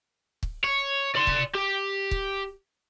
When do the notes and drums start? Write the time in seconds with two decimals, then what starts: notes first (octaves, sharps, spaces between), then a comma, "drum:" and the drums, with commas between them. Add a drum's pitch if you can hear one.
0.43 drum: kick
0.64 C#5
1.16 D5 C6
1.27 drum: kick
1.55 G4
2.11 drum: kick